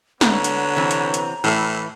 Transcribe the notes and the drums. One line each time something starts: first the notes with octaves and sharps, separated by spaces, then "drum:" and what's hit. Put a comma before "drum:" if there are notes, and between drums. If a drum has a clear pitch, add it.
D3 B3 B4 C#5 A#5, drum: snare
drum: hi-hat
C3 E3 C4
drum: hi-hat
drum: hi-hat
A2 E3